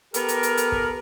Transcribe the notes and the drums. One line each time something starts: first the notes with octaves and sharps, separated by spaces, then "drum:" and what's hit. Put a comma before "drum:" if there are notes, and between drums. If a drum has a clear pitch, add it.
B3 G4 A4 A#4, drum: hi-hat
drum: hi-hat
drum: hi-hat
drum: hi-hat
drum: kick